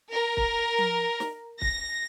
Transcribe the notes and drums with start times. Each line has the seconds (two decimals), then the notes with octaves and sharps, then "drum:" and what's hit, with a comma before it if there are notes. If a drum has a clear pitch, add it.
0.10 A#4
0.37 drum: kick
0.78 drum: tom F3
1.20 drum: snare
1.62 A#6, drum: kick